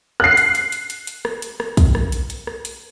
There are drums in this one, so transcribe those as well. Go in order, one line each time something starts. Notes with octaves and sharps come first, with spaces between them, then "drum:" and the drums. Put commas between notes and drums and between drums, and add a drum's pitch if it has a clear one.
F#6 C7, drum: rim click
drum: hi-hat
drum: hi-hat
drum: hi-hat
drum: hi-hat
drum: hi-hat
drum: rim click
drum: hi-hat
drum: rim click
drum: kick, hi-hat
drum: rim click
drum: hi-hat
drum: hi-hat
drum: rim click
drum: hi-hat